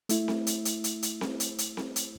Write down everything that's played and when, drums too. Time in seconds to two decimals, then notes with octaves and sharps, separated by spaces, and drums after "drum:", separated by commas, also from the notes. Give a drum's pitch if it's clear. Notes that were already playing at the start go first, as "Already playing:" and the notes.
0.09 A3 E4, drum: hi-hat
0.28 drum: snare C4
0.47 drum: hi-hat
0.65 drum: hi-hat
0.84 drum: hi-hat
1.03 drum: hi-hat
1.21 drum: snare C4
1.40 drum: hi-hat
1.58 drum: hi-hat
1.77 drum: snare C4
1.96 drum: hi-hat